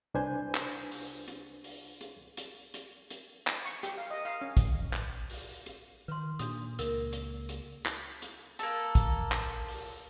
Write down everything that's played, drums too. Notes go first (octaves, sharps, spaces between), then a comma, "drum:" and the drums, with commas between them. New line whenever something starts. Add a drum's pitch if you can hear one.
C2 D4 B4 C5 G#5 G6
drum: clap
drum: open hi-hat
drum: hi-hat
drum: open hi-hat
drum: hi-hat
drum: hi-hat
drum: hi-hat
drum: hi-hat
drum: clap
C#6
G4, drum: hi-hat
F5
D#5
F5
C#4
drum: kick, hi-hat
drum: clap
drum: open hi-hat
drum: hi-hat
D#3 B4 C6
A#2 D4 F#4 D#6, drum: hi-hat
C#2 A#3 A#4, drum: hi-hat
drum: hi-hat
drum: hi-hat
drum: clap
drum: hi-hat
A#3 A4, drum: hi-hat
drum: kick, hi-hat
drum: clap
drum: open hi-hat